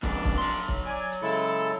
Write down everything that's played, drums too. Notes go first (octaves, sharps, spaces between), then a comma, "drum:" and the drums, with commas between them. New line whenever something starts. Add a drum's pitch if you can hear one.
F2 G#2 D4, drum: kick, hi-hat
drum: kick, hi-hat
F#3 C6
drum: kick
D5 G#5
drum: hi-hat
C#3 G#3 E4 A4